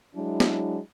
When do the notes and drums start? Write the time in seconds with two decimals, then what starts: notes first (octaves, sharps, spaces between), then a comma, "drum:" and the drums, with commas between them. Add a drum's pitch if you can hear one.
0.15 F#3 G#3 D4 E4
0.40 drum: snare